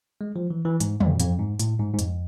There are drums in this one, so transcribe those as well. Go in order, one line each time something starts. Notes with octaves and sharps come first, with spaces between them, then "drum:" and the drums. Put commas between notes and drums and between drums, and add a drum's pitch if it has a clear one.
G#3
F3
E3
E3
G#2, drum: hi-hat
F2, drum: tom
F2, drum: hi-hat
G#2
A2, drum: hi-hat
G#2
G#2
F2, drum: hi-hat